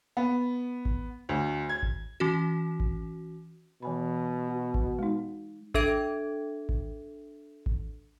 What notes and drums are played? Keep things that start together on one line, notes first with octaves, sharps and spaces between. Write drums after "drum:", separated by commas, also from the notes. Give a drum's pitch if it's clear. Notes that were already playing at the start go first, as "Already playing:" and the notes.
B3
drum: kick G#1
D2
G#6
drum: kick G#1
E3 C#4 F#4
drum: kick G#1
B2 E3 G#5 B5
F#4
drum: kick G#1
G#3 D#4
D4 A4 E5 G#6 D7, drum: kick G#1
drum: kick G#1
drum: kick G#1